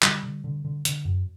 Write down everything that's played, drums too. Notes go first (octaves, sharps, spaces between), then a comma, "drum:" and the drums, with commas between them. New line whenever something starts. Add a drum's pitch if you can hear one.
D3 G3, drum: clap
D3
D3
D3
D3, drum: hi-hat
F#2